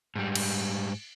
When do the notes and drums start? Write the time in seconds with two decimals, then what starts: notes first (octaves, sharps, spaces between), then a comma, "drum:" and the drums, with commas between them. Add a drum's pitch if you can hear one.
0.15 G#2 G3
0.35 drum: cymbal